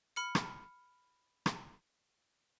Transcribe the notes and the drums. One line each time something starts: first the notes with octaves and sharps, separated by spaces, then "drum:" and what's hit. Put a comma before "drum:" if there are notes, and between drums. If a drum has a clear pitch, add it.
B5 F6 C#7
drum: rim click
drum: rim click